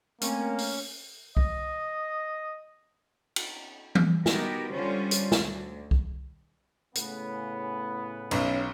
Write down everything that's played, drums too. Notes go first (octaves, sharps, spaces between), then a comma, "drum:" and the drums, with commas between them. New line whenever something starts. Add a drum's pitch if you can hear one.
A3 A#3 C4 C#4 A#4, drum: hi-hat
drum: open hi-hat
D#5, drum: kick C2
drum: cymbal
drum: tom E3
B3 D#4 F#4 G4 A#4, drum: snare
D3 G3 C#4 F4 C5
drum: hi-hat
D2, drum: snare
drum: kick C2
A2 C#3 B3, drum: hi-hat
B1 C#4, drum: cymbal